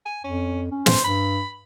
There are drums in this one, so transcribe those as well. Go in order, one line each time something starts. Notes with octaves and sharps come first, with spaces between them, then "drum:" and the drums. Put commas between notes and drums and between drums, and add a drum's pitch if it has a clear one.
G#5
F2 C#4
C#4
C5, drum: snare
G2 B5